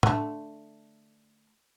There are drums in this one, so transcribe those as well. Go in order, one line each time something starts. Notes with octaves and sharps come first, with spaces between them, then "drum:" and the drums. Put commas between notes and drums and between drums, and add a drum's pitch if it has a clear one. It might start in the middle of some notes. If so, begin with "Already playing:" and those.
D3 A3, drum: tom